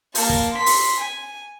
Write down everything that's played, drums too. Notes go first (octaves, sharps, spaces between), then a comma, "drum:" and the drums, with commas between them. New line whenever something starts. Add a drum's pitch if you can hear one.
A#3 A5, drum: open hi-hat
drum: kick
C6 B6
drum: open hi-hat
G#5